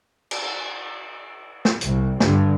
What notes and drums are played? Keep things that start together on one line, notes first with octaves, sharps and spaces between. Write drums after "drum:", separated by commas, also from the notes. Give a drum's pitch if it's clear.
drum: cymbal
drum: snare
C2, drum: hi-hat
G2 D3, drum: snare